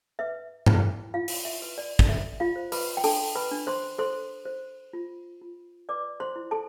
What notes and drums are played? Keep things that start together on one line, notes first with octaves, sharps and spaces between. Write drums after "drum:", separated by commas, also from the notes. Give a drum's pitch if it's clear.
B4 E5
E4, drum: tom G2
E4 F4 F5
drum: open hi-hat
E5
B4
D5
drum: kick
A4 E5
F4 F5
C5
B4 B5, drum: open hi-hat
G5
D4 A4 A5, drum: open hi-hat
B4 B5
D4
C5 C6
A4 C5 C6
C5
F4
F4
B4 D5 D6
C5 C6
E4
A4 A5